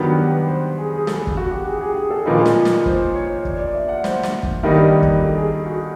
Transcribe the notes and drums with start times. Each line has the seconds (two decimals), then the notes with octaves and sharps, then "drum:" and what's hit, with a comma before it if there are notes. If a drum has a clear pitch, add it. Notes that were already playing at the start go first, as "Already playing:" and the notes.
Already playing: G2 D#3 F#3 B3
0.09 G4
0.28 B4
0.48 C5
0.78 G#4
0.92 G#4
1.07 A4, drum: snare
1.27 drum: kick
1.37 F#4
1.51 G4
1.67 G#4
1.77 G4
1.81 G#4
1.96 G#4
2.11 A4
2.25 A#2 F3 A#3 D#4 B4
2.46 drum: snare
2.65 drum: snare
2.86 C5, drum: kick
3.15 C#5
3.45 D5, drum: kick
3.59 D5
3.75 E5
3.89 F#5
4.04 C5, drum: snare
4.23 drum: snare
4.43 drum: kick
4.63 G2 D#3 G3 A#3 D#4
5.02 drum: kick
5.22 A4
5.37 G#4
5.66 F#4